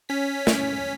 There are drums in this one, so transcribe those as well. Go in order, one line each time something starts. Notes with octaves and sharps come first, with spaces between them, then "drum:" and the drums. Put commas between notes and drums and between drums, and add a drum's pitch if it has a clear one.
C#4 B6
drum: snare